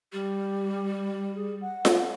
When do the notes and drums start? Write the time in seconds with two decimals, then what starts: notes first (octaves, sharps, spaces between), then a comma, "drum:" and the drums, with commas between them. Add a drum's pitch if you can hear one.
0.13 G3 G4
1.35 G#4
1.61 F#5
1.85 drum: snare F4